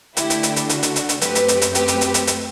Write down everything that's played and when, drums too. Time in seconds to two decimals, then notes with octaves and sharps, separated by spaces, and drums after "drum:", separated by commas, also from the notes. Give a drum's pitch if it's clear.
0.17 D3 A3 D4 E4 G4, drum: hi-hat
0.30 drum: hi-hat
0.43 drum: hi-hat
0.56 drum: hi-hat
0.69 F#4, drum: hi-hat
0.83 drum: hi-hat
0.96 drum: hi-hat
1.09 drum: hi-hat
1.21 F#2 F#3 A3 C4 G4 B4, drum: hi-hat
1.35 drum: hi-hat
1.48 drum: hi-hat
1.61 drum: hi-hat
1.75 G4 B4, drum: hi-hat
1.88 drum: hi-hat
2.01 drum: hi-hat
2.14 drum: hi-hat
2.27 drum: hi-hat